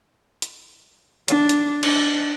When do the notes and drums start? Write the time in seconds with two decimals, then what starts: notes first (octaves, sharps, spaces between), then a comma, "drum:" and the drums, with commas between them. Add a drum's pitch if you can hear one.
0.42 drum: hi-hat
1.28 D4, drum: hi-hat
1.49 drum: hi-hat
1.83 D4, drum: cymbal